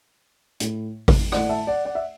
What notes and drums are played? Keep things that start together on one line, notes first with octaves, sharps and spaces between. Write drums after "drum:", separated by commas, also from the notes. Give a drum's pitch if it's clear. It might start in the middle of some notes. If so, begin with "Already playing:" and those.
A2 A3 E4, drum: hi-hat
drum: kick G#1, open hi-hat
A2 A3 E4 D5 F#5, drum: rim click
E5 A5
D5 F#5
D5 F#5
E5